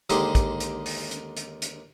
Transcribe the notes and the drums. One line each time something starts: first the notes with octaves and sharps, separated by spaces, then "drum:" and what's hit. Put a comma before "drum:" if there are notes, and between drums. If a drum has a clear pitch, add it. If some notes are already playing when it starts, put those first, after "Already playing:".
D#2 D3 G#3 D#4 G4 C5, drum: hi-hat
drum: kick, hi-hat
drum: hi-hat
drum: open hi-hat
drum: hi-hat
drum: hi-hat
drum: hi-hat